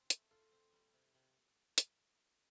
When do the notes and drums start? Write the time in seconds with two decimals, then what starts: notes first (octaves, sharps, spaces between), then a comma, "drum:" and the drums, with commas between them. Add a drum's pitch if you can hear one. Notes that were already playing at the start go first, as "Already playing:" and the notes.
Already playing: C4
0.10 A3, drum: hi-hat
0.31 F4 A4
0.52 C4
0.72 G3
0.93 C3
1.14 C3
1.78 drum: hi-hat